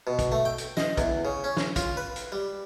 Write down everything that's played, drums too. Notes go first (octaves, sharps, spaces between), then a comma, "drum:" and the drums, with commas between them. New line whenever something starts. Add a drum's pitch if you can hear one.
B2
drum: kick, hi-hat
A3
G5
drum: hi-hat
D#5, drum: snare
E2, drum: kick, hi-hat
C#3
C#4
drum: snare
F4, drum: kick, hi-hat
B4
drum: hi-hat
G3